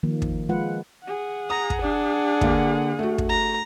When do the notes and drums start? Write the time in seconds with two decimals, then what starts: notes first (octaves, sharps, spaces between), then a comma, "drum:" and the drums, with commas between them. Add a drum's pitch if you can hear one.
0.03 D#3 F3 A#3
0.22 drum: kick
0.49 F3 G#3 F4 B4 F#5
1.03 G#4 F#5
1.50 A#5 D#6
1.70 drum: kick
1.81 D4
2.41 D3 A#3, drum: kick
2.99 A3 F#4
3.18 drum: kick
3.29 A#5